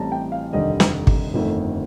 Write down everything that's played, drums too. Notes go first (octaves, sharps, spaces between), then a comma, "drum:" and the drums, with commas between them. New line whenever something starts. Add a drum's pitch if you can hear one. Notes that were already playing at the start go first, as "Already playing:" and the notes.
Already playing: A1 A2 G3 C4 A5 A#5
G5
F5
F1 D#2 D3 G3 D#5
drum: snare
drum: kick G#1
G1 F2 D#3 A3